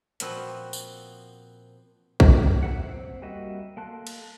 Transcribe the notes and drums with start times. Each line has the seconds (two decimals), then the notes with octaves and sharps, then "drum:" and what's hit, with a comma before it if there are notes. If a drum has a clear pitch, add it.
0.20 A#2 F3 B3 C4 F#4, drum: hi-hat
0.73 drum: tambourine
2.20 drum: kick
2.63 A#3 E5 F#5
2.82 C4
3.22 G3 A#3 F#4 D#5 E5
3.77 A#3 A4 A5 C6 F#6
4.07 drum: cymbal